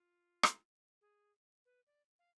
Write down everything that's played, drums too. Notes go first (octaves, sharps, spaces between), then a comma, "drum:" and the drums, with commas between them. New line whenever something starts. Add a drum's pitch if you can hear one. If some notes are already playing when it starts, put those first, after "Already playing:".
Already playing: F4
drum: rim click
G#4
B4
D5
F5